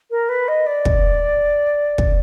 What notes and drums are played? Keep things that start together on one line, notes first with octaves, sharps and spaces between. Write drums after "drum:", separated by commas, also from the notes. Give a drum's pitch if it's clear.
A#4
B4
D#5
D5
drum: kick
drum: kick